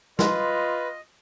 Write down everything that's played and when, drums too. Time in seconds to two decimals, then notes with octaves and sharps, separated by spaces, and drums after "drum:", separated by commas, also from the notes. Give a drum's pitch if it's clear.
0.19 F4 B4 D#5 C6, drum: snare